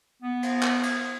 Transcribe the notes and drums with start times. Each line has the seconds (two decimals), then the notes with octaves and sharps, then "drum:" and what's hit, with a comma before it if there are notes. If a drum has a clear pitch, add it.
0.22 B3
0.43 drum: cymbal
0.63 drum: clap
0.83 drum: cymbal